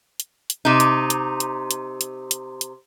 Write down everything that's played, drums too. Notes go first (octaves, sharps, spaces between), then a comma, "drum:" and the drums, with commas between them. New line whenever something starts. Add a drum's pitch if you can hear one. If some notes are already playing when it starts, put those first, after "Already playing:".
drum: hi-hat
drum: hi-hat
C3 D#4
drum: hi-hat
drum: hi-hat
drum: hi-hat
drum: hi-hat
drum: hi-hat
drum: hi-hat
drum: hi-hat